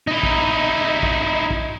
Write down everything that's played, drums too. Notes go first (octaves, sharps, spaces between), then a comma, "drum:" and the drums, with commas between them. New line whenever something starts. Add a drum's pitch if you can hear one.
D#4 E4
drum: kick
drum: kick
drum: kick